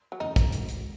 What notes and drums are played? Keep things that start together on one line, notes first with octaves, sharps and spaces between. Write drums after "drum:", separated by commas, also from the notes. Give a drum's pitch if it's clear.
F#3
F#2 C#3 E3 A3 D#4
drum: kick, hi-hat
G#1 G#2 F#3, drum: hi-hat
drum: hi-hat